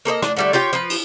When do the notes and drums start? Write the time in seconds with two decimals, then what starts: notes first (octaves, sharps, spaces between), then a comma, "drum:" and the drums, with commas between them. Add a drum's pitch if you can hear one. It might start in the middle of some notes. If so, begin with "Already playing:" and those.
0.05 A#3 A4 C5 D#5
0.22 D4, drum: rim click
0.37 D3 G3 A3
0.53 F4 G4 C#5 G5
0.73 F3 B4
0.90 drum: cymbal